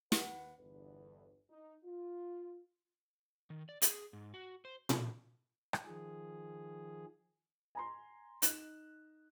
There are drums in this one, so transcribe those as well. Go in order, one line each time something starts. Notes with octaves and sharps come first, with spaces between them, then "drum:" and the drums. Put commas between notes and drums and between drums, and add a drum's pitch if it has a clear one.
D#2 B4 F#5, drum: snare
G1 E2 D3 B4
D#4
F4
D#3
D5
G#4, drum: hi-hat
G#2
F#4
C5
drum: tom A#2
drum: rim click
D#3 F3 G#4
G#5 A#5 C6
D#4 F#6 E7, drum: hi-hat